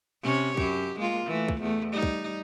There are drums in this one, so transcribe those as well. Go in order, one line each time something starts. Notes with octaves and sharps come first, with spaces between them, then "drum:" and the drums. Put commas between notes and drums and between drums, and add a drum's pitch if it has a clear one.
C3 C#4 C#5
F#2 G4, drum: kick
G#3 A#3 F4
E3 A3
drum: kick
E2 A3
G3 D#4
drum: kick